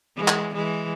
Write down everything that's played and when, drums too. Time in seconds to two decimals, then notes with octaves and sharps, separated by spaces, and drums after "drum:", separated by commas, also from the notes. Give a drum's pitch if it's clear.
0.16 E3 G#3
0.28 drum: clap
0.54 E3 G#3